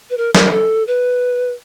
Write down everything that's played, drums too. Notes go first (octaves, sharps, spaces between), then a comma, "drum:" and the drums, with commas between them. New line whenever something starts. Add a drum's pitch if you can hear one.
B4
A#4
A#4, drum: snare
A4
B4